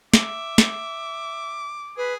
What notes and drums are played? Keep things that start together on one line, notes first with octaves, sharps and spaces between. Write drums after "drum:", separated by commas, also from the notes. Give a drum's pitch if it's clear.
E5 D6, drum: snare
drum: snare
G#4 B4